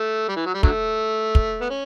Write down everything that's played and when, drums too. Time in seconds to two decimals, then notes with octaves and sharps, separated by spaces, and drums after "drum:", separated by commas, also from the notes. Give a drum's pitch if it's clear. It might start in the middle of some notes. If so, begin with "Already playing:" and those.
Already playing: A3
0.29 G3
0.37 E3
0.46 F#3
0.54 G3
0.63 D3 F#3 A3, drum: kick
1.35 drum: kick
1.61 B3
1.70 C#4